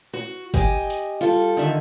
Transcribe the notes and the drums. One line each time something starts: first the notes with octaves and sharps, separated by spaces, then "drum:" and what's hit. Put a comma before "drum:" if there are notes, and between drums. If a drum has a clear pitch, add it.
F#4
G4 D#5 G#5, drum: kick, hi-hat
drum: hi-hat
G3 F4 A4
D3 D#3 E5